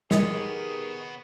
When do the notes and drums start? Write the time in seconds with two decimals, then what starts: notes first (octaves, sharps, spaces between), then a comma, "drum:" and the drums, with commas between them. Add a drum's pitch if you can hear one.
0.11 D#3 B3 G4 G#4 C#5 D#5, drum: snare